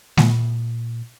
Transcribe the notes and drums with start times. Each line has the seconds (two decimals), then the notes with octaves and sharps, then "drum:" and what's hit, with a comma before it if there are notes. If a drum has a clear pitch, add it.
0.17 A#2, drum: snare G#3